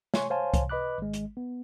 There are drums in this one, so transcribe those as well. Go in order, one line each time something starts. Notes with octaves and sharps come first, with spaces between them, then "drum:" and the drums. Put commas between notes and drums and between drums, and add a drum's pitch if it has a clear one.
C#5 G#5 C6 C#6, drum: snare
C5 C#5 F5 G#5 A5 C6
drum: kick C2, hi-hat
B4 D#5 B5 D6 F#6
G#1 G#3
drum: hi-hat
B3